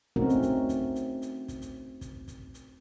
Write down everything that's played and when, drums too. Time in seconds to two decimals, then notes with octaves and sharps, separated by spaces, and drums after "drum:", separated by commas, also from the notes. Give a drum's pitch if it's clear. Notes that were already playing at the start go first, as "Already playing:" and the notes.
0.16 A3 C4 C#4 D#4 F#4 A#4
0.29 drum: hi-hat
0.43 drum: kick, hi-hat
0.69 drum: kick, hi-hat
0.95 drum: hi-hat
1.22 drum: hi-hat
1.48 drum: kick, hi-hat
1.62 drum: hi-hat
2.01 drum: kick, hi-hat
2.28 drum: kick, hi-hat
2.54 drum: hi-hat